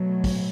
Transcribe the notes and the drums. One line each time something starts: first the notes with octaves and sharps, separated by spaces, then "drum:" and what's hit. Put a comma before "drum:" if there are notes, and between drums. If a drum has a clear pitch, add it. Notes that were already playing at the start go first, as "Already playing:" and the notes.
Already playing: B2 F#3 A3
drum: kick, open hi-hat